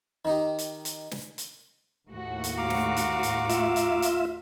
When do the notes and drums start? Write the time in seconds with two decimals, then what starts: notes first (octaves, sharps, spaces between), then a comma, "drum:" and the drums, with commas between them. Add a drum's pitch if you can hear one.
0.25 D#3 D#4 G4
0.59 drum: hi-hat
0.85 drum: hi-hat
1.11 drum: snare
1.38 drum: hi-hat
2.08 D#2 A2 F#4
2.44 drum: hi-hat
2.58 F5 A#5 D6
2.70 drum: snare
2.97 drum: hi-hat
3.23 drum: hi-hat
3.49 F4 E5, drum: hi-hat
3.76 drum: hi-hat
4.02 drum: hi-hat